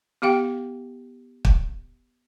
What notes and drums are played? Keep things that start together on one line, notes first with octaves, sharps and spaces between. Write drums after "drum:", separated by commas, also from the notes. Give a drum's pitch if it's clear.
B3 G4 F5 G5
drum: kick